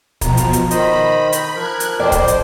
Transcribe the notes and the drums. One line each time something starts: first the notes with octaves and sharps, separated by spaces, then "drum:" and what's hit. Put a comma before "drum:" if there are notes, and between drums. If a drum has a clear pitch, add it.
B2 F3 A#5, drum: kick, hi-hat
drum: hi-hat
drum: hi-hat
D#3 C5 D#5 B5, drum: hi-hat
drum: hi-hat
F3 A#4 F#6 G#6
drum: hi-hat
F2 C5 D5
drum: kick, hi-hat
drum: hi-hat